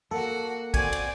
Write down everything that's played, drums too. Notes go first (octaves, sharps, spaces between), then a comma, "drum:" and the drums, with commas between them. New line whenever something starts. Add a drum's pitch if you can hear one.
A#3 F#4 A4 F#5
C4 F#4 D5 G#5, drum: kick, cymbal
drum: cymbal